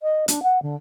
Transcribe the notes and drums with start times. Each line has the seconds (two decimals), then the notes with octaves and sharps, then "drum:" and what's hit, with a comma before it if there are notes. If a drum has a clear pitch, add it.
0.03 D#5
0.28 D4, drum: hi-hat
0.43 F#5
0.62 D3